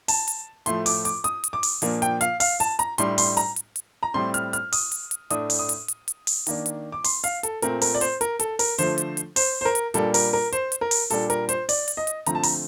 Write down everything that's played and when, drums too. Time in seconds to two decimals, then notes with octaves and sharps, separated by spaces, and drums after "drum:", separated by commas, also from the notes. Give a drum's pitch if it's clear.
0.08 A5, drum: open hi-hat
0.28 drum: hi-hat
0.66 A2 F3 A3 C6, drum: hi-hat
0.86 D6, drum: open hi-hat
1.05 D6, drum: hi-hat
1.24 D#6, drum: hi-hat
1.44 drum: hi-hat
1.53 D6
1.63 drum: open hi-hat
1.82 A#2 F3 A#3 D4, drum: hi-hat
2.02 G5, drum: hi-hat
2.21 F5, drum: hi-hat
2.40 F5, drum: open hi-hat
2.60 A5, drum: hi-hat
2.79 A#5, drum: hi-hat
2.98 A2 G3 D4 C6, drum: hi-hat
3.18 C6, drum: open hi-hat
3.37 A#5, drum: hi-hat
3.56 drum: hi-hat
3.76 drum: hi-hat
4.03 A#5
4.14 A2 G3 C4 C6
4.34 F6, drum: hi-hat
4.53 F6, drum: hi-hat
4.72 D#6, drum: open hi-hat
4.92 drum: hi-hat
5.11 drum: hi-hat
5.30 A2 A3 D4 D#6, drum: hi-hat
5.50 drum: open hi-hat
5.59 D#6
5.69 drum: hi-hat
5.88 drum: hi-hat
6.08 drum: hi-hat
6.27 drum: open hi-hat
6.47 D#3 A#3 D4, drum: hi-hat
6.66 drum: hi-hat
6.92 D6
7.04 C6, drum: open hi-hat
7.24 F5, drum: hi-hat
7.43 A4, drum: hi-hat
7.62 A#2 A3 C4 A#4, drum: hi-hat
7.81 A#4, drum: open hi-hat
7.94 D5
8.01 C5, drum: hi-hat
8.21 A#4, drum: hi-hat
8.39 A4, drum: hi-hat
8.59 A#4, drum: open hi-hat
8.78 D3 F3 A3 C5, drum: hi-hat
8.98 drum: hi-hat
9.17 drum: hi-hat
9.36 C5, drum: open hi-hat
9.61 C5
9.65 A#4
9.75 drum: hi-hat
9.94 A#2 G3 A#3 D4 A4, drum: hi-hat
10.14 A#4, drum: open hi-hat
10.33 A#4
10.52 C5, drum: hi-hat
10.72 drum: hi-hat
10.81 A#4
10.91 drum: open hi-hat
11.10 A#2 G3 D4 A4, drum: hi-hat
11.30 A#4, drum: hi-hat
11.49 C5, drum: hi-hat
11.69 D5, drum: open hi-hat
11.88 drum: hi-hat
11.97 D#5
12.07 drum: hi-hat
12.26 D3 F3 A3 C4 A#5, drum: hi-hat
12.35 A5
12.43 A#5, drum: open hi-hat